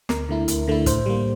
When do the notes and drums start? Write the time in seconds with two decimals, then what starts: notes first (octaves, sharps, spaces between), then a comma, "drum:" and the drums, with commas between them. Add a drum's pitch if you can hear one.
0.09 D2 A#4, drum: snare
0.29 D3 A3 E4
0.48 D2, drum: hi-hat
0.68 D3 A3 E4
0.86 A2 C5, drum: kick, hi-hat
1.06 G3 A#3